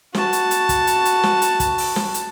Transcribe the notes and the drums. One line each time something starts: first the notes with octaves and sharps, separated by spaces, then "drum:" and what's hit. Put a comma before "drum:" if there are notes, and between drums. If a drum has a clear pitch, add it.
F#4 A5, drum: snare
drum: hi-hat
drum: hi-hat
drum: kick, hi-hat
drum: hi-hat
drum: hi-hat
drum: snare
drum: hi-hat
drum: kick, hi-hat
drum: open hi-hat
drum: snare
drum: hi-hat